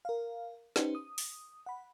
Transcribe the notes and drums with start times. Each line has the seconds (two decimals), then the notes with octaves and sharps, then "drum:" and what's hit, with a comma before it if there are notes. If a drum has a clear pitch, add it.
0.05 A#4 F5
0.76 C#4 D#4 G4 B4 C5, drum: snare
0.95 D#6
1.18 drum: open hi-hat
1.66 F#5 B5